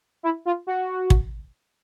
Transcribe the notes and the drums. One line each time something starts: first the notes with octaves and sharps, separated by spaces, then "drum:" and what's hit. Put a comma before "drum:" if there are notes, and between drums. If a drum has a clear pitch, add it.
E4
F4
F#4
drum: kick